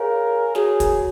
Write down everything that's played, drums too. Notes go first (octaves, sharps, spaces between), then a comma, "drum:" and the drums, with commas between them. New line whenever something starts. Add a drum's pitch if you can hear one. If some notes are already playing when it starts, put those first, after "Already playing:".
Already playing: G#4 A#4 C#5 F5 G#5
F#4 G#4 C#5 G#5, drum: snare
drum: kick, hi-hat